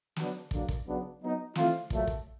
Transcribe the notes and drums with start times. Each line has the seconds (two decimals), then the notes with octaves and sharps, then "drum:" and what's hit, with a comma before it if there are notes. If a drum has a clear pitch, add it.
0.16 F#3 B3 D4, drum: snare
0.51 D3 F#3 A#3 D4, drum: kick
0.69 drum: kick
0.86 C#3 F#3 B3 D4
1.21 F#3 B3 D#4
1.55 E3 A3 C4 F4, drum: snare
1.90 A#2 F#3 A3, drum: kick
2.07 drum: kick